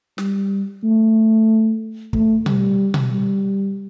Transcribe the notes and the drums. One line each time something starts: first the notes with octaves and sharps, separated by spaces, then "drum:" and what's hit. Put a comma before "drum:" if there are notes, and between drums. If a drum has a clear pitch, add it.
G3, drum: snare
A3
A3, drum: kick
G3, drum: tom B2
drum: tom B2
G3